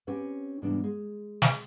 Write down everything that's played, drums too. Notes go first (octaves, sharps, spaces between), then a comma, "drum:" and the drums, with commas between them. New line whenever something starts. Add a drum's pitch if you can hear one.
C4 C#4 G4 B4 F#5
G#2 C3 E3 G3 B3 D4
G#3
drum: snare